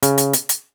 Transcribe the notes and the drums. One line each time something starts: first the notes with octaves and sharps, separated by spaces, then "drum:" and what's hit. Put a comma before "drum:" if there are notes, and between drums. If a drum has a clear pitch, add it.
C#3, drum: hi-hat
drum: hi-hat
drum: hi-hat
drum: hi-hat